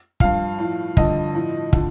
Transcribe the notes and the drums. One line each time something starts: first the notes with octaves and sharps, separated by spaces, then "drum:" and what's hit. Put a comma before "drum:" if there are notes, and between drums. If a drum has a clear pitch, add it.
G2 F3 F5, drum: kick
A2 F3
G2 D3 F3 D#5, drum: kick
A2 F3
D3 F3, drum: kick